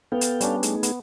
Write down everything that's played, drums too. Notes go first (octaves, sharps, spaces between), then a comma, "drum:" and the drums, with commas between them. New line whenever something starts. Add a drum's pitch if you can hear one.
B3 A4 F5 G5
drum: hi-hat
G3 C#4 D4, drum: hi-hat
A3 D#4 G#4, drum: hi-hat
B3, drum: hi-hat